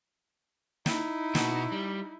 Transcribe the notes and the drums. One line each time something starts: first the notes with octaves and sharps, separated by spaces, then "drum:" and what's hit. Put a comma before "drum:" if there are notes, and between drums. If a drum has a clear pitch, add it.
D#4 E4, drum: snare
B2 F#4, drum: snare
G3